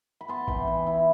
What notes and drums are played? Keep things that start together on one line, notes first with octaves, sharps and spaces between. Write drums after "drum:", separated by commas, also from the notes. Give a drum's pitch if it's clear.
B5
B3 A5 C6
E3 G5 B5, drum: kick G#1
E3
E4